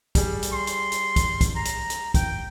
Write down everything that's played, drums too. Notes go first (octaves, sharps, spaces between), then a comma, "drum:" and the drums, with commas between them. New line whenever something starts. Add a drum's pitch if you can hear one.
G3 G#4, drum: kick, hi-hat
drum: hi-hat
C6
drum: hi-hat
drum: hi-hat
drum: kick, hi-hat
drum: kick, hi-hat
A#5
drum: hi-hat
drum: hi-hat
G5, drum: kick, hi-hat